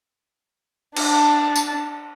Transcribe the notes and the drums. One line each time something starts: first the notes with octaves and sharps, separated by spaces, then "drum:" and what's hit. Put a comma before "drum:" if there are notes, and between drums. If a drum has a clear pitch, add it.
D4 A5, drum: cymbal
drum: tambourine